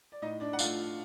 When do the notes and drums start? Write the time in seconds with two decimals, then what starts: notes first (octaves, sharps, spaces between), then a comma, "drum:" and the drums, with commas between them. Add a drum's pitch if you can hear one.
0.12 D5
0.22 A2 D#4 D#5
0.40 D4 D5
0.53 F#5
0.59 F3 F4 F5, drum: tambourine
0.64 A3